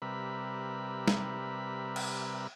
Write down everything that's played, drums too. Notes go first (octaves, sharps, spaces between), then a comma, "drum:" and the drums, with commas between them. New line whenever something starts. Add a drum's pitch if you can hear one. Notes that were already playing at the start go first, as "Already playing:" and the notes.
C3 G3 A#4 B4 E5 B5
drum: snare
drum: cymbal